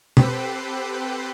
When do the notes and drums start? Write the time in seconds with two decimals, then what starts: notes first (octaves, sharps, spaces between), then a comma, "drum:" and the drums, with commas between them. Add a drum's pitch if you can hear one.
0.17 C4 G4 A4 B4 C5 F#5, drum: tom